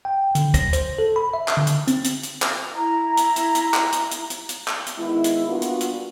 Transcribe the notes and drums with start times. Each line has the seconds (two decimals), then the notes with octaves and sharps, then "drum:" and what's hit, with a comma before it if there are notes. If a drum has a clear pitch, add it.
0.05 G5
0.35 D3, drum: hi-hat
0.54 A#6, drum: kick, hi-hat
0.73 C5, drum: hi-hat
0.98 A4
1.16 B5
1.34 E5
1.48 drum: clap
1.57 D3
1.67 drum: hi-hat
1.88 C4, drum: hi-hat
2.04 drum: hi-hat
2.23 drum: hi-hat
2.42 drum: clap
2.75 E4 A#5
3.17 drum: hi-hat
3.36 drum: hi-hat
3.55 drum: hi-hat
3.74 drum: clap
3.92 drum: hi-hat
4.11 drum: hi-hat
4.30 drum: hi-hat
4.49 drum: hi-hat
4.68 drum: clap
4.87 drum: hi-hat
4.98 D#3 G#3 B3 E4
5.24 drum: hi-hat
5.48 G3 A#3 B3 D4 F4 F#4
5.62 drum: hi-hat
5.81 drum: hi-hat